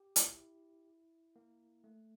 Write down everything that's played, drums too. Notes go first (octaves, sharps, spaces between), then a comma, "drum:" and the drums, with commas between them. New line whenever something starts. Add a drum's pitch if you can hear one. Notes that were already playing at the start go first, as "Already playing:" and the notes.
Already playing: G4
E4, drum: hi-hat
A#3
A3